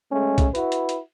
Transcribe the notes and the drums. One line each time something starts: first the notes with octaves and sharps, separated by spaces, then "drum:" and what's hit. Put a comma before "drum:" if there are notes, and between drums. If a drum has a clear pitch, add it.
G#3 A3 C#4
drum: kick, hi-hat
E4 F#4 B4, drum: hi-hat
drum: hi-hat
drum: hi-hat